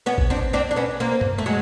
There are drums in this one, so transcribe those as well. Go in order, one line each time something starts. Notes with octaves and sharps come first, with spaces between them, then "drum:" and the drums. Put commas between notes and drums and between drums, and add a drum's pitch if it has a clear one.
B3 C#4
drum: kick
C4 D4
C4 D4
D4
B3 C#4
A#3 C4
drum: tom G2
A3
F#3 G#3